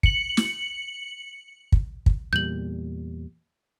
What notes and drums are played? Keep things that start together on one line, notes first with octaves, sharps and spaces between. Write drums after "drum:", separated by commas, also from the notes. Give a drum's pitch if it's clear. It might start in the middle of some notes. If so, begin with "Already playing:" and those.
C#7 F#7, drum: kick
drum: snare
drum: kick
drum: kick
E2 A#2 G3 G6 F#7